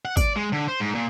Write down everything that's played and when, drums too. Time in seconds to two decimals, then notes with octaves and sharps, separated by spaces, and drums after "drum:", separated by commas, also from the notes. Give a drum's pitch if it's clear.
0.05 F#5
0.17 D5, drum: kick G#1, tambourine
0.36 G#3
0.53 D3
0.68 C5
0.80 G#2
0.95 A#2